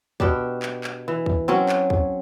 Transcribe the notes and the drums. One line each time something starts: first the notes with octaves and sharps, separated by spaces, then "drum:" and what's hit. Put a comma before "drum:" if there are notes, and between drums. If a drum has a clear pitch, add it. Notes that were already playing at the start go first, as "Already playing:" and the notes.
B2 D4 G4, drum: kick
drum: clap
drum: clap
E3
drum: kick
F#3 C4 C#4
drum: clap
drum: kick